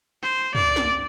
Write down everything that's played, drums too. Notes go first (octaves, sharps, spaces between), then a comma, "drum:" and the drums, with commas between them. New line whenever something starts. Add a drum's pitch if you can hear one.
C5
D5, drum: tom
drum: snare